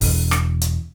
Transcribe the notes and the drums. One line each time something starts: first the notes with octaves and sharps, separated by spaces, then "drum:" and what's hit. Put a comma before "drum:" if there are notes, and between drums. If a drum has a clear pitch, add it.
E1, drum: kick, open hi-hat
drum: rim click
drum: hi-hat